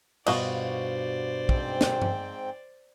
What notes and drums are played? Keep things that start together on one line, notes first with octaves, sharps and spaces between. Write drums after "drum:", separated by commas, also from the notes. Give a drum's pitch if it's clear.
G2 B2 F4 F#4 C5 D5 D#5, drum: cymbal
G#2 C4 G5, drum: kick
drum: snare
drum: tom G2